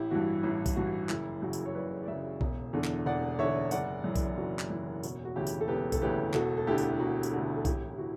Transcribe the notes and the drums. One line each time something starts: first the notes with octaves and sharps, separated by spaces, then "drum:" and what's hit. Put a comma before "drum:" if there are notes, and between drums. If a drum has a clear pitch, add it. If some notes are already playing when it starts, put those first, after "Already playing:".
Already playing: A1 E4 G4
G2 E3 F#4
A1 E4
drum: kick B1, tambourine
G2 E3 F#4
F#1 E4, drum: clap
F#2 C#3 F#4
drum: tambourine
C#5
F#1 B4 D5
D5
F#2 C#3 C#5 E5
E1, drum: kick B1
E2 D3
drum: clap
E1 D5 F#5
E2 D3 C#5 E5
F#1 D5 F#5, drum: tambourine
F#2 E3
drum: kick B1, tambourine
F#1 F#4
drum: clap
F#2 E3 E4
E1 F#4, drum: tambourine
F#4
D2 C#3 E3 E4 G4
drum: tambourine
A4
E1 G4 B4
A4, drum: kick B1, tambourine
D2 C#3 E3 G4 B4
E1 F#4 A4, drum: clap
A4
D2 D3 E4 G4
drum: tambourine
E1 F#4
G4, drum: tambourine
D3 F#4
D2
A4
A1 E4 G4, drum: kick B1, tambourine
G4
E3 F#4